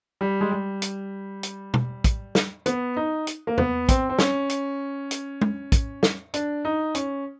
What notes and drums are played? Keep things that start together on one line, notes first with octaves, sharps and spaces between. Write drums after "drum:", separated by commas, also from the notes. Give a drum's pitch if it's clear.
G3
G#3
G3
drum: hi-hat
drum: hi-hat
drum: tom B2
drum: kick, hi-hat
drum: snare
B3, drum: hi-hat
D#4
drum: hi-hat
A#3
B3, drum: tom E2
C4, drum: kick, hi-hat
C4
C#4, drum: snare
drum: hi-hat
drum: hi-hat
drum: tom
drum: kick, hi-hat
drum: snare
D4, drum: hi-hat
D#4
C#4, drum: hi-hat